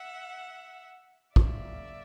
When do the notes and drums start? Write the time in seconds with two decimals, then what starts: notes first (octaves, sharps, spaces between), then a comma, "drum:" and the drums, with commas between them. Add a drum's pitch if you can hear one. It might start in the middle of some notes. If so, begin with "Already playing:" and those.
Already playing: E5 F#5
1.36 C#3 F#3 A#3 D5 E5, drum: kick